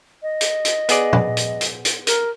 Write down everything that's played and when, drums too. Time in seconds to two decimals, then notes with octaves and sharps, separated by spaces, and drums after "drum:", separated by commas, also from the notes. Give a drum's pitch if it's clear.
0.23 D#5
0.41 drum: hi-hat
0.65 drum: hi-hat
0.89 B3 G#4 D5, drum: hi-hat
1.13 drum: tom A#2
1.37 drum: hi-hat
1.61 drum: hi-hat
1.85 drum: hi-hat
2.07 A#4, drum: hi-hat